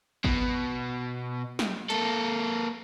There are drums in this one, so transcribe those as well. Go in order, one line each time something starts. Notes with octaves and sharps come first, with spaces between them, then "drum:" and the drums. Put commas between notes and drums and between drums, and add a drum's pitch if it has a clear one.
B2, drum: kick G#1
drum: snare
A#3 A4, drum: hi-hat